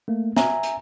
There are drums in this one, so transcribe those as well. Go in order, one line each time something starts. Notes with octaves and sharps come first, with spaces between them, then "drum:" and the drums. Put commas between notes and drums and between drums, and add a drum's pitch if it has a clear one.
A3 A#3
E5 G#5 A#5, drum: snare
drum: hi-hat